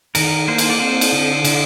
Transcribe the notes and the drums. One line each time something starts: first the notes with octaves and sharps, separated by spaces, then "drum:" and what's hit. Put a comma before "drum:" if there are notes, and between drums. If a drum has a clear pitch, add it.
D#3 A#4, drum: cymbal
A#3 C5
drum: cymbal
D5
C4 C5
drum: cymbal
D3
D3, drum: cymbal